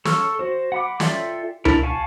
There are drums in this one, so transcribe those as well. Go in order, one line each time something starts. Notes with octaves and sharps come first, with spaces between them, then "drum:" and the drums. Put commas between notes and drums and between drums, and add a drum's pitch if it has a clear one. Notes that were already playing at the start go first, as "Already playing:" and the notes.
A4 C#6 E6 F6, drum: snare
F#4 C5
F#5 B5 D6
F4 A4 D5 E5 G5, drum: snare
D4 E4 A#4, drum: tom C#2
F#4 F5 G#5 A5 C#6